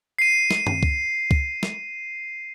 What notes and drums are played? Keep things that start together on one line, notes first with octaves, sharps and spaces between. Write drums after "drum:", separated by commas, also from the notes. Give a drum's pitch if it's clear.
C7 D#7
drum: snare
drum: tom F#2
drum: kick C#2
drum: kick C#2
drum: snare